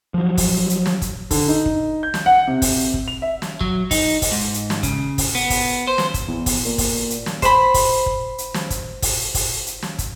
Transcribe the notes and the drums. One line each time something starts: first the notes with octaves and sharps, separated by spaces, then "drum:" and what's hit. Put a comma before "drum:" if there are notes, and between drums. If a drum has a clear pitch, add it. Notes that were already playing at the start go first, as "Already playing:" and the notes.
F3 F#3
drum: kick, open hi-hat
drum: hi-hat
drum: snare
drum: kick, hi-hat
D3, drum: kick, open hi-hat
D#4
drum: kick
G6
drum: snare
F#5
C3
drum: kick, open hi-hat
drum: kick
F7
E5
drum: snare
F#3, drum: kick
D#4, drum: kick, open hi-hat
drum: kick, open hi-hat
G#2
drum: hi-hat
drum: snare
C#3, drum: kick, hi-hat
drum: kick, open hi-hat
B3
drum: kick, open hi-hat
C5
drum: snare
drum: kick, hi-hat
E2
drum: kick, open hi-hat
A#2
drum: kick, open hi-hat
drum: hi-hat
drum: snare
C5 B5, drum: kick, hi-hat
drum: kick, open hi-hat
drum: kick
drum: hi-hat
drum: snare
drum: kick, hi-hat
drum: kick, open hi-hat
drum: kick, open hi-hat
drum: hi-hat
drum: snare
drum: kick, hi-hat